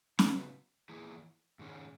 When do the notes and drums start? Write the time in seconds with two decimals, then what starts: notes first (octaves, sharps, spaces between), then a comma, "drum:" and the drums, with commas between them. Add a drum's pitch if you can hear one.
0.19 C#3 F#3 B3, drum: snare
0.89 E3 A#3 E4 G#4
1.59 G#2 D#3 G#3 C#4